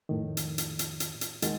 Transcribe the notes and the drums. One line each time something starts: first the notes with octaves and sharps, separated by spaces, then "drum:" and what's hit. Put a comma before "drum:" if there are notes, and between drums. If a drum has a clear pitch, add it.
F2 A2 D#3
drum: hi-hat
drum: hi-hat
drum: hi-hat
drum: hi-hat
drum: hi-hat
D#2 D#3 G#3 F#4 A6, drum: hi-hat